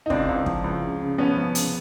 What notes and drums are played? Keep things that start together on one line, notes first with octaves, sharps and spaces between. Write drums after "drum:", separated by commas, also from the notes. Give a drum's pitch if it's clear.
D#4
C#2 C4 D4, drum: kick
C#2
F3, drum: kick
C#2
C#3
C#3
F3 B3 C#4
F3
C#3, drum: hi-hat